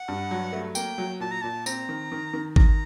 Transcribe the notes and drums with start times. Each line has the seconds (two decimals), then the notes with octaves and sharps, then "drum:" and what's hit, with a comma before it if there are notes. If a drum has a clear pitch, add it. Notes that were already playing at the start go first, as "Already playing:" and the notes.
Already playing: F#5
0.08 G2
0.31 F#3
0.53 A3
0.75 A#3 G5, drum: tambourine
0.98 F#3
1.20 A#2 A5
1.32 A#5
1.42 A#2 A5
1.66 C4 A#5, drum: tambourine
1.89 D#3
2.12 D#3
2.33 D#3
2.56 D#3 A#5, drum: kick G#1